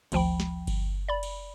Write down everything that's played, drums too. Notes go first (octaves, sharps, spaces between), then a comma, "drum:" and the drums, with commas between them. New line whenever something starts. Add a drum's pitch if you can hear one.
G#1 D2 F3 G5 B5, drum: cymbal
drum: snare
drum: kick G1, cymbal
D5 B5
drum: cymbal